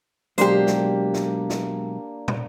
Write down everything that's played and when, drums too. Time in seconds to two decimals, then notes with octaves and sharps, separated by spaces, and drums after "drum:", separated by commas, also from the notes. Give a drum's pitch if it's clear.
0.38 B2 F#3 G#3 A#3 D4 G4 C5 D5, drum: hi-hat
0.67 drum: snare
1.14 drum: snare
1.50 drum: snare
2.28 drum: tom